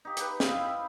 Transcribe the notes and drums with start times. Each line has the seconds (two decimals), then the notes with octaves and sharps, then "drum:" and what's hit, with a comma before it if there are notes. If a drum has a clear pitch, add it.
0.05 D#4 G4
0.17 G4 B4, drum: hi-hat
0.40 C4 E4 D#5 F5, drum: snare
0.66 B5